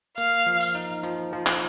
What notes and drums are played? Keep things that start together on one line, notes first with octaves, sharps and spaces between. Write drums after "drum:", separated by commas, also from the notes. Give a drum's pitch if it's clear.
A#3 F5, drum: hi-hat
F3
drum: open hi-hat
D#4
F3, drum: hi-hat
F3
drum: clap